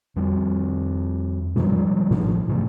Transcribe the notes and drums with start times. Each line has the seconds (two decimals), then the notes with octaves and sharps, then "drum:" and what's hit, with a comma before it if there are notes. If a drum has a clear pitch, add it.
0.16 F2 G3 G#3 C4
1.56 D#3 F3 G3 G#3, drum: tom B2
2.11 A1 F3 D4, drum: tom B2
2.48 G#2 C3 E3 A3